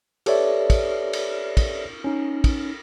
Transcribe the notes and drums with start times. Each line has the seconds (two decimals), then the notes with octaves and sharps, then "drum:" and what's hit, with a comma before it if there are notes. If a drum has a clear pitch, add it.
0.26 G4 A4 B4 C#5 D5 E5, drum: cymbal
0.70 drum: kick, cymbal
1.13 drum: cymbal
1.57 drum: kick, cymbal
2.04 C#4 D#4
2.44 drum: kick, cymbal